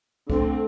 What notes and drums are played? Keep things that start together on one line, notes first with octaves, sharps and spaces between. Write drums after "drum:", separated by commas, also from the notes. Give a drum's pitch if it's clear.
D3 A3 C4, drum: kick